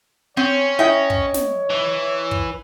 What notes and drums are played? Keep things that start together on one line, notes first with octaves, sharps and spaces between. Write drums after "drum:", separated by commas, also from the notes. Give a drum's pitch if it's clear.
C4 C#4 C#5
E4 D#5 G5
drum: kick
drum: snare
E3
drum: kick